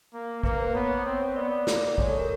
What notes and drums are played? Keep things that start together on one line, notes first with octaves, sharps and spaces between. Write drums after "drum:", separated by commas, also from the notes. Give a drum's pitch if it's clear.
A#3
A#3 B4, drum: kick A1
C5
B3 C#5
C4 C#5
B3 D5
D5
A#3 D5, drum: snare
G#3 C#5, drum: kick A1
A4
A#4